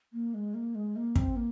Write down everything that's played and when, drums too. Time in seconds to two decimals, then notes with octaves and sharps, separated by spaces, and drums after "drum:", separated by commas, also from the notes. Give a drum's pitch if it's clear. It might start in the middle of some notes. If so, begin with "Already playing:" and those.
0.13 A#3
0.34 G#3
0.54 A#3
0.75 G#3
0.96 A#3
1.16 C4, drum: kick
1.36 A#3